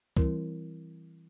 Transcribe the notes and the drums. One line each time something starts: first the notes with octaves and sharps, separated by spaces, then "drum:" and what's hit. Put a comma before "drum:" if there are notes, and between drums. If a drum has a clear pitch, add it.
E3 G3 C4 E4 A#4, drum: kick C#2